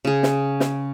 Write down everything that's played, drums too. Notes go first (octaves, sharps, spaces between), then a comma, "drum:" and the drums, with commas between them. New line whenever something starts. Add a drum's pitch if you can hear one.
C#3 G#4
drum: snare
drum: snare